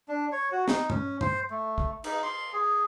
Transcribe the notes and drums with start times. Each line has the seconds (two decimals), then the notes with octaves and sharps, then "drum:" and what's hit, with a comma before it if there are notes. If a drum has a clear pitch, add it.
0.08 D4
0.32 C#5
0.52 F#4
0.68 D#4, drum: snare
0.90 C#4, drum: tom G2
1.21 C5, drum: tom G2
1.51 A3
1.78 drum: kick
2.04 D#4, drum: cymbal
2.23 C6
2.53 G#4